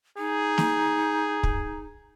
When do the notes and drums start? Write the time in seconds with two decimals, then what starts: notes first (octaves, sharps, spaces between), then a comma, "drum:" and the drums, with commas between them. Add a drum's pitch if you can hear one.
0.18 D#4 G#4
0.58 drum: snare
1.43 drum: kick